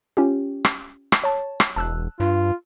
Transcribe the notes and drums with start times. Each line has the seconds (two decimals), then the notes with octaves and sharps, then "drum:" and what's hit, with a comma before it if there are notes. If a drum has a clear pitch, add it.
0.17 C#4 F4 G4
0.65 drum: rim click
1.12 drum: rim click
1.24 C#5 A5
1.60 drum: rim click
1.76 E1 A5 E6 F#6
2.20 G2 F4